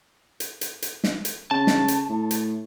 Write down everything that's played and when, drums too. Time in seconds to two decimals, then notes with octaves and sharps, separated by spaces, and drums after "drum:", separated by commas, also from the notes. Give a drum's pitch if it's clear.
0.40 drum: hi-hat
0.61 drum: hi-hat
0.82 drum: hi-hat
1.04 drum: snare
1.25 drum: hi-hat
1.51 C#3 A5
1.67 drum: snare
1.88 drum: hi-hat
2.09 A2
2.31 drum: hi-hat